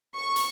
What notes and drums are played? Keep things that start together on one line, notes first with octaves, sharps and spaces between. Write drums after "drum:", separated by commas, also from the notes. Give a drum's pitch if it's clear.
C#6
drum: hi-hat